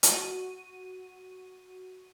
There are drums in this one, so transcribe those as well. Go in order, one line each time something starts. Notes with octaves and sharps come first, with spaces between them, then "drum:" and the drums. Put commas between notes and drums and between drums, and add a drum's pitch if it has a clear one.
F#4 D#7, drum: hi-hat